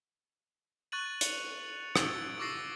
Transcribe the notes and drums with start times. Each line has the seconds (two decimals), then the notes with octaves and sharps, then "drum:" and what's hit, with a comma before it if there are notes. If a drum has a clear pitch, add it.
0.92 C#6 F#6 A6 D#7 F#7
1.21 C#7 F7, drum: hi-hat
1.96 E6 G#6 A6 D7 G7, drum: rim click
2.40 C#6 D6 E6 A6 A#6 C7